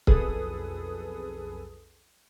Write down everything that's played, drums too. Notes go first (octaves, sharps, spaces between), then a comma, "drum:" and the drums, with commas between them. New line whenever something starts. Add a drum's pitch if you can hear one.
B1 F2 G#4 A4 B4 D#6, drum: kick C#1